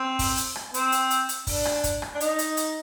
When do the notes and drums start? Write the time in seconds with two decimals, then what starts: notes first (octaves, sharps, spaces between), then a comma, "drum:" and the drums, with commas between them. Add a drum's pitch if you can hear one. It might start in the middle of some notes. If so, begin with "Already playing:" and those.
Already playing: C4
0.19 drum: kick, open hi-hat
0.37 drum: hi-hat
0.56 drum: rim click
0.74 C4, drum: hi-hat
0.92 drum: hi-hat
1.10 drum: hi-hat
1.29 drum: hi-hat
1.47 D4, drum: kick, open hi-hat
1.65 drum: rim click
1.84 drum: kick, hi-hat
2.02 drum: rim click
2.15 D4
2.20 D#4, drum: hi-hat
2.39 drum: hi-hat
2.57 drum: hi-hat